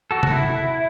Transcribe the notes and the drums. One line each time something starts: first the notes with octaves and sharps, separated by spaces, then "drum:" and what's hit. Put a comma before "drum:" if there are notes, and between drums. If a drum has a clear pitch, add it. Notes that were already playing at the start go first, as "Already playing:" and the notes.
F#4 A4
F#4, drum: tom
E4